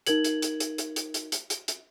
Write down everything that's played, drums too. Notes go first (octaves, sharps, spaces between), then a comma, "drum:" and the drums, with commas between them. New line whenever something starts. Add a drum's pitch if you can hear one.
D#4 A#4 G#6 F#7, drum: hi-hat
drum: hi-hat
drum: hi-hat
drum: hi-hat
drum: hi-hat
drum: hi-hat
drum: hi-hat
drum: hi-hat
drum: hi-hat
drum: hi-hat